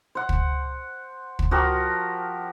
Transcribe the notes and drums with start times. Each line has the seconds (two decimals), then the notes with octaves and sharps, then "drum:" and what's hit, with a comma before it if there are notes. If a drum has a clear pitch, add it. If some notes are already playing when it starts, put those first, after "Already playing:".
0.15 C5 F#5
0.29 drum: kick
1.39 drum: kick
1.51 F3 F#4 G4 A#4